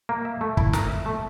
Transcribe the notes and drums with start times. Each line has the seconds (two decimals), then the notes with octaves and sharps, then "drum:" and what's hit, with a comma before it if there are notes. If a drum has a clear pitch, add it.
0.09 A#3
0.25 E5
0.41 A3
0.57 E4, drum: kick
0.73 A#4, drum: snare
0.89 E5
1.06 A3